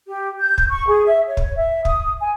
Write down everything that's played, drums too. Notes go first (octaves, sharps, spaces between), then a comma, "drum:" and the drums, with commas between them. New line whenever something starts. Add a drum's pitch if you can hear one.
G4
G6
drum: kick
C#6
G#4
E5
C#5
drum: kick
E5
D#6, drum: kick
G#5